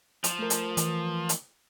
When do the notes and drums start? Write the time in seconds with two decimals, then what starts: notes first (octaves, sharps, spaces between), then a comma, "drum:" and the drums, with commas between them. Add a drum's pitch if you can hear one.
0.24 F3, drum: hi-hat
0.39 A3 A#4
0.50 drum: hi-hat
0.77 E3, drum: hi-hat
1.29 drum: hi-hat